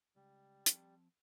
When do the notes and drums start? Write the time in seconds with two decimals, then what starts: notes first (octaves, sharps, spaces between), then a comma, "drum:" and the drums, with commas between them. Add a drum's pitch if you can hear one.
0.16 C#2 G3
0.66 F3 C4 A5, drum: hi-hat